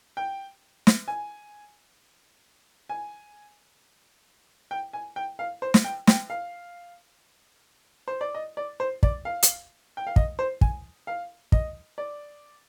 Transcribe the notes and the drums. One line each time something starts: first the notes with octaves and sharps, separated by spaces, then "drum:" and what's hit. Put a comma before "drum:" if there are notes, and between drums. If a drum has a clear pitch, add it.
G5
drum: snare
G#5
G#5
G5
G#5
G5
F5
C5
drum: snare
G5
G5, drum: snare
F5
C5
D5
D#5
D5
C5
D5, drum: kick
F5
drum: hi-hat
G5
F5
D#5, drum: kick
C5
G#5, drum: kick
F5
D#5, drum: kick
D5